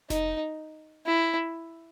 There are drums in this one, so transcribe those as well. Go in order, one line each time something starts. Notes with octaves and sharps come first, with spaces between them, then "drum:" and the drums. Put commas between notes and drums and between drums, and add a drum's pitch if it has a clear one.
D#4, drum: snare F1
E4